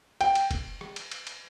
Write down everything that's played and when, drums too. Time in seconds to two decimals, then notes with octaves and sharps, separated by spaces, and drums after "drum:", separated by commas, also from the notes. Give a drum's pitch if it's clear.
0.21 G5, drum: cymbal
0.35 drum: cymbal
0.51 drum: kick F1, cymbal
0.81 drum: rim click
0.96 drum: cymbal
1.11 drum: cymbal
1.27 drum: cymbal